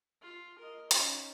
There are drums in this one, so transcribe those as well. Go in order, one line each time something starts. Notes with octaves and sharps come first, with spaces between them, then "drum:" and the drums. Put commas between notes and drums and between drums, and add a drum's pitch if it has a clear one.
F4
A#4 D#5
C#4 D#4, drum: hi-hat